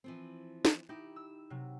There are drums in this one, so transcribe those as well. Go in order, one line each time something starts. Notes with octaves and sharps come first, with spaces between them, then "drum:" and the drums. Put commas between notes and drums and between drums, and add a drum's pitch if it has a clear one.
E3 F3 C4
drum: snare
D#4 E4 G4
E6
C3 F#3